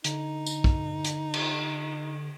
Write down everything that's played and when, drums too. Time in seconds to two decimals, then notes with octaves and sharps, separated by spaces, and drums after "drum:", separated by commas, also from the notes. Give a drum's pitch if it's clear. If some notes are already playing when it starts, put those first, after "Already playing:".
0.04 D3 D#4, drum: hi-hat
0.47 drum: tambourine
0.64 drum: kick
1.04 drum: hi-hat
1.34 drum: cymbal